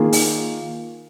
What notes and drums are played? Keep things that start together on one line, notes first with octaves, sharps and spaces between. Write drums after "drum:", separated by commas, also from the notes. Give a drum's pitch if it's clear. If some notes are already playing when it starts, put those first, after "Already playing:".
Already playing: D#3 A#3 F4 G#4
drum: open hi-hat